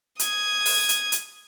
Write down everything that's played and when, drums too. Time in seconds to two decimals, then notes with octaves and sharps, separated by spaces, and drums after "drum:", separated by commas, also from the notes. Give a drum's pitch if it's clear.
0.19 D#6 G#6, drum: hi-hat
0.66 drum: open hi-hat
0.89 drum: hi-hat
1.12 drum: hi-hat